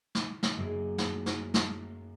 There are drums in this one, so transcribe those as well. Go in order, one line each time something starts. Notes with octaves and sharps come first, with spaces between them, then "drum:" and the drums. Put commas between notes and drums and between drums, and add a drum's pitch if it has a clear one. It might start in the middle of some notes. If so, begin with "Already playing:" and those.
drum: snare
drum: snare
F#2 F#3 A#3 D#4 G#4
drum: snare
drum: snare
drum: snare